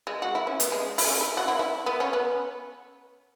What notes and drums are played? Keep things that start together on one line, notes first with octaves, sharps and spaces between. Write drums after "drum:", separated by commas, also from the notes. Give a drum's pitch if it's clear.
G#3
F#4
E4
C#4
B3, drum: hi-hat
G#3
E4, drum: open hi-hat
C#4
E4
F#4
E4
E4
B3
C#4
B3